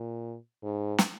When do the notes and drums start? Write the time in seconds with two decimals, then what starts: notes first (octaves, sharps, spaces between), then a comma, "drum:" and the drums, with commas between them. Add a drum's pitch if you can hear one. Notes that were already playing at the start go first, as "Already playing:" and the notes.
Already playing: A#2
0.63 G#2
0.98 drum: snare